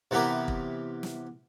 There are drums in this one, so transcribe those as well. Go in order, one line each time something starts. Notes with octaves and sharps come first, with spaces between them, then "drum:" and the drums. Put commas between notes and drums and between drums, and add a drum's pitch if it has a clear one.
C3 E3 B3 G4 A#4
drum: kick
drum: snare